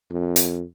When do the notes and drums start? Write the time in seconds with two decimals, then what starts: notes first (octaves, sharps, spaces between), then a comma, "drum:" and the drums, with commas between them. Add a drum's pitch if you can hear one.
0.11 F2
0.36 drum: hi-hat